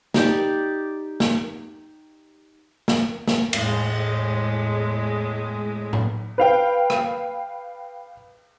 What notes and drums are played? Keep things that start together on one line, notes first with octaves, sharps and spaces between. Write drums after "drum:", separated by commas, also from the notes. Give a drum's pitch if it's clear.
D#4 G4 D5, drum: snare
drum: snare
drum: snare
drum: snare
E2 A2 G#3, drum: cymbal
drum: tom A2
B4 F5 G5
drum: rim click